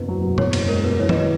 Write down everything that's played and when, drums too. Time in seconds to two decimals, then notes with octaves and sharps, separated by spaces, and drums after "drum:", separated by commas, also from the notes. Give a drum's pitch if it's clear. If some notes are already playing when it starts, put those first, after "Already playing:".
Already playing: F#1 E2 B4
0.08 F#3
0.23 B2
0.38 E2 C#5, drum: tom A#2
0.53 F#1, drum: cymbal
0.68 G#3 A#4
0.84 B2 B4
1.00 E3 C#5
1.09 B4 D#5, drum: tom D#3
1.20 B4 D#5